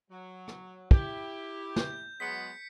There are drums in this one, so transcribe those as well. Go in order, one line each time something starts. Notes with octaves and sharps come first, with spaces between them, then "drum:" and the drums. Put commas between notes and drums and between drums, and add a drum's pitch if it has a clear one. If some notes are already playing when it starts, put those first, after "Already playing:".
F#3
drum: rim click
E4 G4, drum: kick
G6, drum: snare
F#3 G#3 B3 B6 C#7